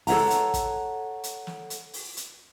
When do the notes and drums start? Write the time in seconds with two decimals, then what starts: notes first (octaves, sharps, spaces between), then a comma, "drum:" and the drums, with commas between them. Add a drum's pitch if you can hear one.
0.07 A4 C#5 F#5 A#5, drum: open hi-hat
0.30 drum: hi-hat
0.54 drum: kick, hi-hat
1.24 drum: hi-hat
1.47 drum: snare
1.70 drum: hi-hat
1.93 drum: open hi-hat
2.17 drum: hi-hat